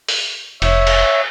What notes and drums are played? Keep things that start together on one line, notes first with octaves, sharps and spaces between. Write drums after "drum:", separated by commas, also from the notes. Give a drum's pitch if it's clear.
drum: open hi-hat
F1 C#5 E5, drum: cymbal
drum: cymbal